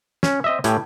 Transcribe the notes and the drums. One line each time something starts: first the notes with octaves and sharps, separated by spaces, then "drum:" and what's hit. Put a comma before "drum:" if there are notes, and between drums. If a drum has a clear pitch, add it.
C#4, drum: snare
C4 D#5 E5
A2 G4 G#5, drum: hi-hat